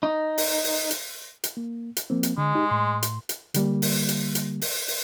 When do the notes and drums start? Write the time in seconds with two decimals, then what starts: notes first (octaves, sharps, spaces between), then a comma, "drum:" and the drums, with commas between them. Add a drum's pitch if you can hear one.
0.03 D#4
0.38 drum: open hi-hat
0.64 drum: open hi-hat
0.91 drum: hi-hat
1.44 drum: hi-hat
1.57 A#3
1.97 drum: hi-hat
2.10 F3 A#3 C4
2.23 drum: hi-hat
2.38 D3 G#3
2.55 D#4 G4
2.69 A2 C6
3.03 drum: hi-hat
3.29 drum: hi-hat
3.54 D3 G3 A#3, drum: hi-hat
3.82 drum: open hi-hat
4.09 drum: hi-hat
4.35 drum: hi-hat
4.62 drum: open hi-hat
4.88 drum: open hi-hat